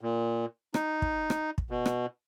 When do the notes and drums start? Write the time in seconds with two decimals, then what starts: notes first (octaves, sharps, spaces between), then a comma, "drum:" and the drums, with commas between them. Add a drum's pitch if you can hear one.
0.01 A#2
0.74 D#4, drum: rim click
1.02 drum: kick
1.30 drum: rim click
1.58 drum: kick
1.70 B2
1.86 drum: rim click